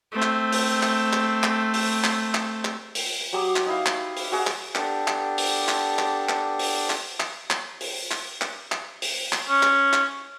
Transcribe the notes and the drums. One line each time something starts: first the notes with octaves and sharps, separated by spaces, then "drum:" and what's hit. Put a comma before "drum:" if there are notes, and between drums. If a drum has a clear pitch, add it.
A3 C4
drum: clap
drum: open hi-hat
drum: clap
drum: clap
drum: clap
drum: open hi-hat
drum: clap
drum: clap
drum: clap
drum: open hi-hat
F#3 G4 D6 D#6
drum: clap
D#4 E4 F5
drum: clap
drum: open hi-hat
F#4 G#4 F#5
drum: clap
B3 D4 G4 A4, drum: clap
drum: clap
drum: open hi-hat
drum: clap
drum: clap
drum: clap
drum: open hi-hat
drum: clap
drum: clap
drum: clap
drum: open hi-hat
drum: clap
drum: clap
drum: clap
drum: open hi-hat
drum: clap
C#4
drum: clap
drum: clap